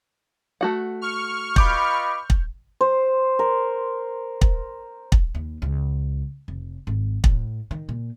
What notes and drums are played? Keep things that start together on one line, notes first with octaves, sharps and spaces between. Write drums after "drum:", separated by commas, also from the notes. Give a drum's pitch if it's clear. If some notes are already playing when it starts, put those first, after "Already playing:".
A3 F#4 F#5
C#6 F6
F4 B4 D#5 B5 D6 G6, drum: kick
drum: kick
C5
A#4
drum: kick
drum: kick
D#2
C#2
F1
G#1
A2, drum: kick
D#3
A#2